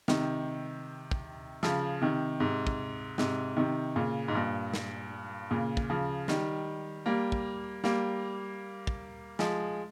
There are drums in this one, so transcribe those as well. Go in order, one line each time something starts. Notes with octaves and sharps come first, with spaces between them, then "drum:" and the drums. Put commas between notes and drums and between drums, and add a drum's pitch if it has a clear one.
C3 D#3, drum: snare
drum: kick
C#3 F3, drum: snare
C3 D#3
G#2 C3
drum: kick
G#2 C3, drum: snare
C3 D#3
A#2 C#3
G#2
G2 A#2
drum: snare
A#2 C#3
drum: kick
C#3 F3
D#3 G3, drum: snare
G3 A#3
drum: kick
G3 A#3, drum: snare
drum: kick
F3 G#3, drum: snare